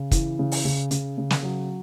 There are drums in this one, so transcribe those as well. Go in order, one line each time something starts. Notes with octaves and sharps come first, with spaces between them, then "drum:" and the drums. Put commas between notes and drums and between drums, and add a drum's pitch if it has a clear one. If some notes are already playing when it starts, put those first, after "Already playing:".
Already playing: C#3
E3, drum: kick, hi-hat
C#3
drum: open hi-hat
C#3
C#3, drum: hi-hat
C#3
drum: snare
F#3